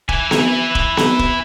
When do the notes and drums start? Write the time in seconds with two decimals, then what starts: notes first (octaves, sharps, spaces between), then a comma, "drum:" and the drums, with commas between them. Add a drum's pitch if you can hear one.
0.09 E4 G#5, drum: kick
0.31 drum: snare B3
0.75 drum: kick
0.97 drum: snare B3
1.19 drum: kick